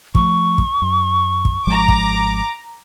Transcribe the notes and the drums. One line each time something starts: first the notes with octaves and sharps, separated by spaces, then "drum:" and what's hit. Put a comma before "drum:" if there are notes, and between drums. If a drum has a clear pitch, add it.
F3 A3 C#6, drum: kick
drum: kick
F#2
drum: kick
G#1 F3 G#3 A#5 D6
drum: kick